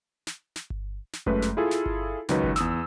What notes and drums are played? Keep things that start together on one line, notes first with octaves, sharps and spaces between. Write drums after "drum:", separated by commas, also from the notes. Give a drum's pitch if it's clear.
drum: snare
drum: snare
drum: kick G1
drum: snare
F#2 G#3 A3 B4, drum: kick G1
drum: snare
E4 F4 G#4 A4
drum: snare
drum: kick G1
C#2 D#3 F#3 D#4 B4, drum: snare
drum: kick G1
E2 D#6 E6, drum: snare